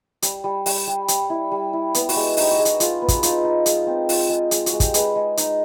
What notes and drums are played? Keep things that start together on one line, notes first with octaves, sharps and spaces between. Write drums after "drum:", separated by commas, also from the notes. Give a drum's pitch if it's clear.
G3, drum: hi-hat
G3
G3, drum: open hi-hat
G3
G3, drum: hi-hat
E4
G3
E4
B3, drum: hi-hat
F#4, drum: open hi-hat
G#3
D#4 G4, drum: open hi-hat
F#4
G#3
F#4, drum: hi-hat
G#3 F4, drum: hi-hat
B3
F#4, drum: kick, hi-hat
D#4 F4, drum: hi-hat
D#4
G#3, drum: hi-hat
C4
F4, drum: open hi-hat
G#3
G#3, drum: hi-hat
F#4, drum: hi-hat
G#3
G4, drum: kick, hi-hat
G#3 B4, drum: hi-hat
G#3
D#4, drum: hi-hat